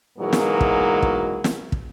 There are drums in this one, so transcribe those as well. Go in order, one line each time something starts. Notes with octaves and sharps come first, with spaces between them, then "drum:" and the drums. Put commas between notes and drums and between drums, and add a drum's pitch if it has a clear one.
G#2 B2 E3 F#3 G#3 A#3
drum: snare
drum: kick
drum: kick
drum: snare
drum: kick